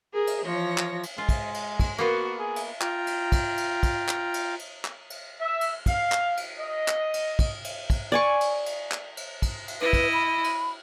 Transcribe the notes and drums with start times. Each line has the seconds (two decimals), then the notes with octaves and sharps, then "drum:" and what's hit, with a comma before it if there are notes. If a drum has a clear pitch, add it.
0.12 G#4 A#4
0.27 drum: cymbal
0.43 E3 F3 C#5 A#6
0.78 drum: clap
1.03 drum: cymbal
1.18 G#3 F4
1.29 drum: kick, cymbal
1.54 drum: cymbal
1.80 drum: kick, cymbal
1.98 A#3 B3 F4 F#4
2.39 G#4
2.56 drum: cymbal
2.81 F4 G5 A#5, drum: clap
3.07 drum: cymbal
3.32 drum: kick, cymbal
3.58 drum: cymbal
3.83 drum: kick, cymbal
4.08 drum: clap
4.34 drum: cymbal
4.59 drum: cymbal
4.85 drum: clap
5.10 drum: cymbal
5.41 E5
5.61 drum: cymbal
5.86 F5, drum: kick, cymbal
6.12 drum: clap
6.37 drum: cymbal
6.58 D#5
6.88 drum: clap
7.14 drum: cymbal
7.39 drum: kick, cymbal
7.64 drum: cymbal
7.90 drum: kick, cymbal
8.12 D5 G#5 C#6
8.41 drum: cymbal
8.66 drum: cymbal
8.92 drum: clap
9.17 drum: cymbal
9.42 drum: kick, cymbal
9.68 drum: cymbal
9.81 E4 B4 D#5
9.93 drum: kick, cymbal
10.13 B5
10.44 drum: cymbal